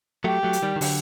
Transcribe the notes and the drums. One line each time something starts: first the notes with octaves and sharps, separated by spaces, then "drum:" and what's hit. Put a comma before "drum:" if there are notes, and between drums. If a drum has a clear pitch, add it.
F#3 A3 G4
F#3 A3
drum: hi-hat
D#3 G3
D#3
D3 F#3, drum: open hi-hat